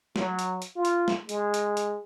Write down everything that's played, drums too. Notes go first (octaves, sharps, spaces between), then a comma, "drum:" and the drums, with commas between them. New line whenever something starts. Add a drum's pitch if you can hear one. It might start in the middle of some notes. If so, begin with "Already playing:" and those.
F#3, drum: snare
drum: hi-hat
drum: hi-hat
F4
drum: hi-hat
drum: snare
G#3, drum: hi-hat
drum: hi-hat
drum: hi-hat